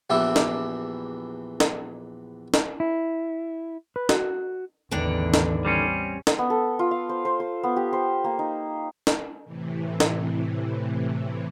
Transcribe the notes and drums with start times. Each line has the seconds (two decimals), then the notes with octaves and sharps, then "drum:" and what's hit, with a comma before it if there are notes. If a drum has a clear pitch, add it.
0.10 A#1 E2 E3 D4 G4 E5
0.36 drum: snare
1.60 drum: snare
2.54 drum: snare
2.80 E4
3.96 B4
4.09 F#4, drum: snare
4.91 A1 E2 D3 D#3 D4
5.34 drum: snare
5.65 G3 C4 C#4
6.27 drum: snare
6.39 B3
6.50 A4
6.79 F4
6.91 F5
7.09 C5
7.25 C5
7.40 C5
7.63 B3
7.76 G4
7.93 C5
8.24 A#3
8.39 D#4
9.07 drum: snare
9.45 A2 C3 E3
10.00 drum: snare